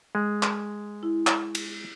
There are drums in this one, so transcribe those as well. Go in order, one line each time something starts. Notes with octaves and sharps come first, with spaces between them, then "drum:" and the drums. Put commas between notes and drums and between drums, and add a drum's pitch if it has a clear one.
G#3
drum: clap
E4
drum: clap
drum: cymbal